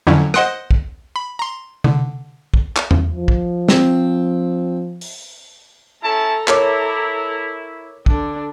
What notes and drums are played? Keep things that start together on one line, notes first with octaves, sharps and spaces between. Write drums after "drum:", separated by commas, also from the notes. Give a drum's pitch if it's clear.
F2 D3 F#3 C#4 E4
C5 D#5 F#5 C6 D#6 F#6, drum: rim click
drum: kick
B5
A#5 C6
D3, drum: tom C3
drum: kick
drum: clap
drum: tom E2
F3
drum: kick
C4, drum: snare
drum: open hi-hat
C#4 E4 A4 A5 A#5
E4 A#4 C#5 D6, drum: clap
D3 D4, drum: kick